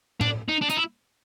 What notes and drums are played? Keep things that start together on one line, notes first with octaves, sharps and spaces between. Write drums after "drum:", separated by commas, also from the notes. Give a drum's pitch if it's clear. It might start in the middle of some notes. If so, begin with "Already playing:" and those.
D4, drum: tom A2
D#4
D4
D#4, drum: hi-hat
E4